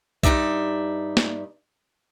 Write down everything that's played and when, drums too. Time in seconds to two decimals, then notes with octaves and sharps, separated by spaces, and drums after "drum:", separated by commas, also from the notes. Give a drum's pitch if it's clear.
0.23 G2 E3 D#4 D5 E5, drum: kick B1
1.17 drum: snare